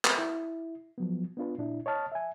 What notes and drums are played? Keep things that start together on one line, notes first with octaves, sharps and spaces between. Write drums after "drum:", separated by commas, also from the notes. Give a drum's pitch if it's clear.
drum: clap
E4
F3 F#3 B3
B3 D4 F4 B4
A#2 D4 E4
C#5 D#5 A5 F6
E5 G#5